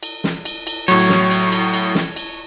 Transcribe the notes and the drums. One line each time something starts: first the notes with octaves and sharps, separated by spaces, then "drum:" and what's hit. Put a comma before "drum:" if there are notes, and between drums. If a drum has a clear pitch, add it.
drum: cymbal
drum: snare
drum: cymbal
drum: cymbal
A2 F#3 C#5, drum: cymbal
drum: snare
drum: cymbal
drum: cymbal
drum: cymbal
drum: snare
drum: cymbal